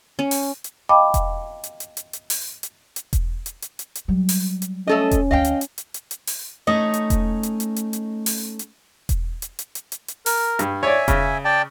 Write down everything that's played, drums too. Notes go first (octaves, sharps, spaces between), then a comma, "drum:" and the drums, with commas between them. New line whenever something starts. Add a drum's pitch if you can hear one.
C#4
drum: open hi-hat
drum: hi-hat
D#5 F5 G5 A5 B5 D6
drum: kick E1, hi-hat
drum: hi-hat
drum: hi-hat
drum: hi-hat
drum: hi-hat
drum: open hi-hat
drum: hi-hat
drum: hi-hat
drum: kick E1, hi-hat
drum: hi-hat
drum: hi-hat
drum: hi-hat
drum: hi-hat
F#3 G3
drum: open hi-hat
drum: hi-hat
A3 C#4 A4 D#5
drum: kick E1, hi-hat
D2 C4 D#5 F5 G5
drum: hi-hat
drum: hi-hat
drum: hi-hat
drum: hi-hat
drum: hi-hat
drum: open hi-hat
A3 C#4 D#4 D#5
drum: hi-hat
drum: kick E1, hi-hat
drum: hi-hat
drum: hi-hat
drum: hi-hat
drum: hi-hat
drum: open hi-hat
drum: hi-hat
drum: kick E1, hi-hat
drum: hi-hat
drum: hi-hat
drum: hi-hat
drum: hi-hat
drum: hi-hat
A#4, drum: open hi-hat
G2, drum: hi-hat
C#5 D5 E5 G#5
C#3, drum: kick E1, hi-hat
D5 G5 A5